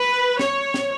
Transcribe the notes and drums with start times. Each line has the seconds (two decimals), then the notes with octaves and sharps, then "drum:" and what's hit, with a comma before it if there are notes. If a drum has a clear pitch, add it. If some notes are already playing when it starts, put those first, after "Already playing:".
Already playing: B4
0.39 C#5, drum: snare
0.74 drum: snare